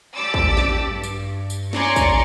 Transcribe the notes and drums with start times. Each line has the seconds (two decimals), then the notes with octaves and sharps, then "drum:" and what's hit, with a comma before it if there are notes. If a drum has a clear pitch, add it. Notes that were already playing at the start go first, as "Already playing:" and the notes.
0.15 G4 D5 A5 D6 E6
0.34 drum: kick
0.57 drum: snare
0.86 G2
1.03 drum: tambourine
1.50 drum: tambourine
1.73 C#5 D5 G#5 A#5 C6 C#6, drum: snare
1.96 drum: kick, tambourine